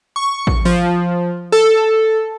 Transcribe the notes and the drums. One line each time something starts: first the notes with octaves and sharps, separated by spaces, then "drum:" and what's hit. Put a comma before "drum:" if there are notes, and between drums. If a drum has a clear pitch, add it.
C#6
drum: kick A1
F3, drum: open hi-hat
A4